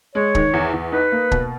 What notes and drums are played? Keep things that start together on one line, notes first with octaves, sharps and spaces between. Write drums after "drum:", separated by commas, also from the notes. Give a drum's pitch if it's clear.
G#3 C#5
D#3, drum: kick
E2
E2
D#4 B4
A#3
B2, drum: kick